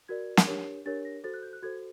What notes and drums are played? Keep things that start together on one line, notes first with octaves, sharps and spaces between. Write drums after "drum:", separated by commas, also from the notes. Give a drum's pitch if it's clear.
F#4 A#4 D5 G#6
drum: snare
D4 G4 A#4 C#5
D4 G4 A#4 C#5 A6
A#6
F#4 A4 C5 A6
F#6
G6
F#6
F#4 A4 C5 G#6